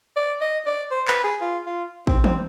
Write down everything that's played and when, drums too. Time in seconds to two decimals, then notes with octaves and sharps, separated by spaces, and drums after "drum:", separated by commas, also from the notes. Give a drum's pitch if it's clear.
0.16 D5
0.41 D#5
0.66 D5
0.91 C5
1.08 B4, drum: clap
1.24 G#4
1.41 F4
1.66 F4
2.07 C4, drum: kick
2.24 C4, drum: tom